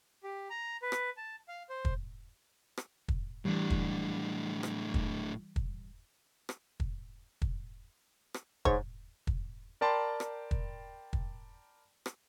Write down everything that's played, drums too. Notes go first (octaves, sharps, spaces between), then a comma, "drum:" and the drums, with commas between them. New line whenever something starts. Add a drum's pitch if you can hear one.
G4
A#5
B4
drum: rim click
A5
F5
C5
drum: kick
drum: rim click
drum: kick
A2 E3 G3 D4
drum: kick
drum: rim click
drum: kick
drum: kick
drum: rim click
drum: kick
drum: kick
drum: rim click
G#2 C#5, drum: kick
drum: kick
A#4 D5 G5 A5 B5 C6
drum: rim click
drum: kick
drum: kick
drum: rim click